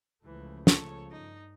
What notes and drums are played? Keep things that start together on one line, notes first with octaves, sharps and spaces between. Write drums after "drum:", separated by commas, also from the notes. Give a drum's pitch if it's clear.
C#2 C#3 E3 F3 A3
A4 C#5, drum: snare
G2 D#4